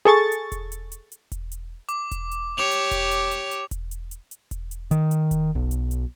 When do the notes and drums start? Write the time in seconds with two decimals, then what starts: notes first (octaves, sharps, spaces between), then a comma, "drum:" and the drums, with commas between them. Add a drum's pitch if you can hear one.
0.05 G#4 A4 C#6 A6
0.32 drum: hi-hat
0.52 drum: kick E1, hi-hat
0.72 drum: hi-hat
0.92 drum: hi-hat
1.12 drum: hi-hat
1.32 drum: kick E1, hi-hat
1.52 drum: hi-hat
1.89 D6, drum: hi-hat
2.11 drum: kick E1, hi-hat
2.31 drum: hi-hat
2.58 G4 C#5 D6 F7
2.71 drum: hi-hat
2.91 drum: kick E1, hi-hat
3.11 drum: hi-hat
3.31 drum: hi-hat
3.51 drum: hi-hat
3.71 drum: kick E1, hi-hat
3.91 drum: hi-hat
4.11 drum: hi-hat
4.31 drum: hi-hat
4.51 drum: kick E1, hi-hat
4.71 drum: hi-hat
4.91 D#3, drum: hi-hat
5.11 drum: hi-hat
5.31 drum: kick E1, hi-hat
5.55 B1
5.71 drum: hi-hat
5.91 drum: hi-hat